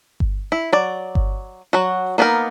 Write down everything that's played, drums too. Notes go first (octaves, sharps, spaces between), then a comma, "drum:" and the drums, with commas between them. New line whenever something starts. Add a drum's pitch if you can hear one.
drum: kick G1
E4
F#3 D5
drum: kick G1
F#3 F#4
A#3 B3 D4 D#4 A#4